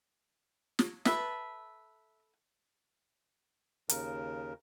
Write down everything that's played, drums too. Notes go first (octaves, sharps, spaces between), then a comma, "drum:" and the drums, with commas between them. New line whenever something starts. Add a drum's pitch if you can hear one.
drum: snare
A4 B4 E5, drum: snare
D#2 C#3 A#4, drum: hi-hat